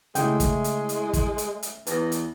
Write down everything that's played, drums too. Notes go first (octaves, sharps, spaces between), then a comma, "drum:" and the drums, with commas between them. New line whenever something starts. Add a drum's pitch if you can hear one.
C#3 G#3 A3 C#4 E4 E5 G5, drum: hi-hat
drum: kick, hi-hat
drum: hi-hat
drum: hi-hat
drum: kick, hi-hat
drum: hi-hat
drum: hi-hat
E2 B4 A#6, drum: hi-hat
drum: hi-hat